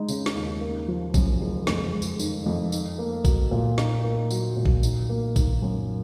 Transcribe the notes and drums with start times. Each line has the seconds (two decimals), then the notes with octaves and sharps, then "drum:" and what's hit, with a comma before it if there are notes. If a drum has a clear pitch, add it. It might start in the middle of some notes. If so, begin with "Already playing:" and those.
Already playing: G#3 D#4
0.09 C#3, drum: tambourine
0.26 drum: snare
0.35 D#2
0.61 A#3
0.88 F3
1.14 F#2, drum: kick A#1, tambourine
1.40 F#1
1.67 F2, drum: snare
1.93 G#3
2.02 drum: tambourine
2.20 D#3, drum: tambourine
2.46 F2
2.72 D#4, drum: tambourine
2.99 A#3
3.25 F#3, drum: kick A#1, tambourine
3.51 A#2
3.78 D#4, drum: snare
4.04 A#3
4.31 F#3, drum: tambourine
4.56 A#2
4.66 drum: kick A#1
4.83 D#4, drum: tambourine
5.09 A#3
5.36 D#3, drum: kick A#1, tambourine
5.62 F#2